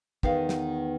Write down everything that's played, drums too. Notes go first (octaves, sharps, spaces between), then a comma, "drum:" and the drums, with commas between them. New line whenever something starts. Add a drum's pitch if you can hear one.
E2 D#3 B3 F5, drum: kick
drum: snare